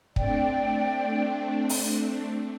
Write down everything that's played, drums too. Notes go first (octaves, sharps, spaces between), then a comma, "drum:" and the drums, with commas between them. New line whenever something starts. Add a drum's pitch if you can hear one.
A3 C4 D4 D5 G5, drum: kick
drum: open hi-hat